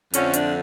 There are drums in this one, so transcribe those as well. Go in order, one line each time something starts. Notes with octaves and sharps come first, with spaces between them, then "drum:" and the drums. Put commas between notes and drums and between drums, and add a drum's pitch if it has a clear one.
F2 D3 F3 A3 C#4, drum: hi-hat
D4, drum: hi-hat